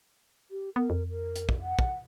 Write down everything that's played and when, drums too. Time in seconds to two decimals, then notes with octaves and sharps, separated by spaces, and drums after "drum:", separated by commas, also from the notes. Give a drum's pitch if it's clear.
0.51 G4
0.76 B3 A#4
0.90 F2
1.10 A#4
1.36 drum: hi-hat
1.49 drum: kick
1.62 F#5
1.79 drum: kick